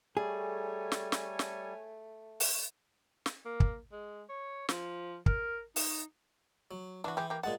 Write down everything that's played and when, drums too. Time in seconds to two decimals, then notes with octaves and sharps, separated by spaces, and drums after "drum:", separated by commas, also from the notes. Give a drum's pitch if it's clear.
0.17 G3 A3 G#4 A4 C#5 G#5
0.92 drum: snare
1.12 drum: snare
1.39 drum: snare
2.40 drum: open hi-hat
3.26 drum: snare
3.45 A#3
3.60 drum: kick
3.92 G#3
4.29 C#5
4.69 F3, drum: snare
5.26 A#4, drum: kick
5.76 D#4, drum: open hi-hat
6.71 F#3
7.04 E3 D4 F#4
7.17 E3 G#3 G4
7.30 A#3 G4
7.43 A#2 G#3 F#5 A5